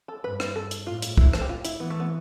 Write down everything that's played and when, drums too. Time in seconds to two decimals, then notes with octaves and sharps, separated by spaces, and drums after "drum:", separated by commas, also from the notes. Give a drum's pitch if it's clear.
0.08 A4
0.24 G2 B4
0.40 drum: rim click
0.56 A4
0.71 drum: hi-hat
0.86 A2 F4
1.02 drum: hi-hat
1.18 E4, drum: kick
1.33 A4, drum: rim click
1.41 G4
1.49 F4
1.65 E4, drum: hi-hat
1.80 E3 B3
1.90 A3
2.00 B3